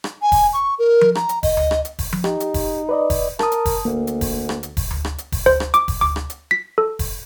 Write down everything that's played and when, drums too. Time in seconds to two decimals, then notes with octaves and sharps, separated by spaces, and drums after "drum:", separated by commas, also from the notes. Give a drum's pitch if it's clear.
0.04 drum: rim click
0.22 G#5
0.32 drum: kick F1, open hi-hat
0.53 C#6
0.79 A#4
1.01 drum: tom F3
1.15 A#5, drum: rim click
1.29 drum: hi-hat
1.43 D#5, drum: kick F1, open hi-hat
1.57 drum: tom D2
1.71 drum: rim click
1.85 drum: hi-hat
1.99 drum: kick F1, open hi-hat
2.13 drum: tom F3
2.24 D#4 G4, drum: rim click
2.40 drum: hi-hat
2.54 drum: kick F1, open hi-hat
2.89 B4 D5 D#5
3.10 drum: kick F1, open hi-hat
3.39 A#4 A5 D#6, drum: rim click
3.52 drum: hi-hat
3.65 drum: kick F1, open hi-hat
3.85 D2 A#3
4.07 drum: hi-hat
4.21 drum: kick F1, open hi-hat
4.49 drum: rim click
4.63 drum: hi-hat
4.77 drum: kick F1, open hi-hat
4.91 drum: tom D2
5.05 drum: rim click
5.18 drum: hi-hat
5.32 drum: kick F1, open hi-hat
5.46 C5, drum: tom D2
5.60 drum: rim click
5.74 D6, drum: hi-hat
5.88 drum: kick F1, open hi-hat
6.01 D6, drum: tom D2
6.16 drum: rim click
6.30 drum: hi-hat
6.51 B6
6.78 A4
6.99 drum: kick F1, open hi-hat